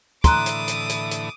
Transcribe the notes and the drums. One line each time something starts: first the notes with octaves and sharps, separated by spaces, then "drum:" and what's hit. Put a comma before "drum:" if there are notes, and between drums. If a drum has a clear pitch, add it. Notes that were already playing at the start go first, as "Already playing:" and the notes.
A2 D3 E3 A#5 C6 D6 D#6 F#6, drum: kick, hi-hat
drum: hi-hat
drum: hi-hat
drum: hi-hat
drum: hi-hat